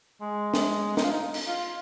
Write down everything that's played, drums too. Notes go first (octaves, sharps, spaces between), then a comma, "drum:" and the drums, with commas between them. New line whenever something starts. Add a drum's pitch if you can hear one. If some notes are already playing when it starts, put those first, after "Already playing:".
G#3
drum: snare
D#4, drum: snare
F4
D#4
drum: cymbal
F4